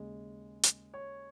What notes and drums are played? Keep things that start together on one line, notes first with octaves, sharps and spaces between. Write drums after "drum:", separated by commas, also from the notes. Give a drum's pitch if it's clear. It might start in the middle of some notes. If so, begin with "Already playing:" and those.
Already playing: D#2 C#3 G#3
drum: hi-hat
C#5